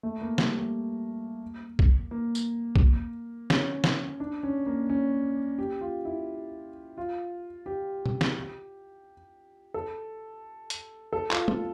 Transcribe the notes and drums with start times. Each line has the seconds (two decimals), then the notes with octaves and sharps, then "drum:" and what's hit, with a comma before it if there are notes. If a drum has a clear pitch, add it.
0.03 A3
0.22 A#3
0.38 G3, drum: snare
0.56 A#3
1.79 drum: kick
2.11 A#3
2.35 drum: tambourine
2.76 drum: kick
3.50 C#4, drum: snare
3.84 drum: snare
4.20 D4
4.43 C#4
4.66 A#3
4.90 C#4
5.59 G4
5.81 F4
6.05 E4
6.98 F4
7.66 G4
8.06 drum: tom
8.21 drum: snare
9.74 A4
10.70 drum: hi-hat
11.13 A4
11.31 F4, drum: clap
11.48 F4, drum: tom